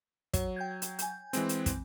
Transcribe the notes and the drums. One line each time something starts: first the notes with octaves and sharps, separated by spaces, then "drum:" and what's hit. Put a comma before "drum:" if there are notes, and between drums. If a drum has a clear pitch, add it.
F#3 C#5, drum: kick, hi-hat
G5 G6 G#6
drum: hi-hat
G#5 G6, drum: hi-hat
E3 G#3 C4, drum: hi-hat
drum: hi-hat
drum: kick, hi-hat